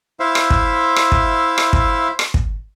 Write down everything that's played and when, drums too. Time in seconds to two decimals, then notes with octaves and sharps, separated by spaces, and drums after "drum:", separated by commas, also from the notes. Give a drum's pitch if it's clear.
0.20 E4 C5 E5 F5
0.35 drum: rim click
0.50 drum: kick
0.96 drum: rim click
1.12 drum: kick
1.58 drum: rim click
1.73 drum: kick
2.19 drum: rim click
2.34 drum: kick